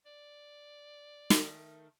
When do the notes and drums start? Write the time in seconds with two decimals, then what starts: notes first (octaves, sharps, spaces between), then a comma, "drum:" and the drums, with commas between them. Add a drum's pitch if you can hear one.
0.06 D5
1.30 D#3 A3, drum: snare